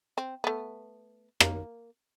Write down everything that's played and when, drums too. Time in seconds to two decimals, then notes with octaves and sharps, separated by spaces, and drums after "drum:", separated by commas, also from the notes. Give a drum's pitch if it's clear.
0.18 C4
0.44 A3 B3
1.40 A#3, drum: rim click